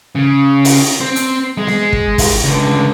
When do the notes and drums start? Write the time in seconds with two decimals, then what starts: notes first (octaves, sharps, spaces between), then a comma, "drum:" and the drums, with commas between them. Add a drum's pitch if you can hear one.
0.16 C#3
0.65 drum: open hi-hat
1.01 C4 C5
1.16 drum: hi-hat
1.58 G#3 G#4
1.67 drum: snare B3
1.93 drum: kick
2.18 drum: kick, open hi-hat
2.44 C#2 D3